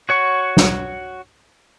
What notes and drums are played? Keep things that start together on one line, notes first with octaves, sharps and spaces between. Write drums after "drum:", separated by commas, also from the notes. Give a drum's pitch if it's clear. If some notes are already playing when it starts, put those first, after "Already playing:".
F#4 C#5 F#5 C#6
drum: snare